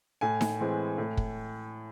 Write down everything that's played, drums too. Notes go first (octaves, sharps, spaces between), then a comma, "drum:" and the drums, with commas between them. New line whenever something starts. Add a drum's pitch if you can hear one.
A2 G#5
drum: snare D#4
E3 G#3 C4
A2
drum: kick